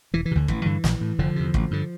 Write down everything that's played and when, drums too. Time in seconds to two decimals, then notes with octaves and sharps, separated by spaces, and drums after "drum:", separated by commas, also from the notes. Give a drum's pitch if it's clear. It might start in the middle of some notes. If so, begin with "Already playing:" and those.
0.13 E1 E3
0.25 E3
0.31 C3
0.35 D2 D3
0.48 A1 E3, drum: kick
0.66 G2 D3
0.84 A#1, drum: snare
1.01 A2
1.18 F1 D3 F3
1.36 E2 C3
1.54 A1, drum: kick
1.71 G2 D3